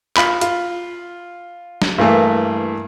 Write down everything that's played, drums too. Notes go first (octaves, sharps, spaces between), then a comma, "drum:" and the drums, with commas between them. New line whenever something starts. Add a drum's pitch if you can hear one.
F4 B5, drum: clap
F4, drum: hi-hat
drum: snare
G2 E3 A3 A#3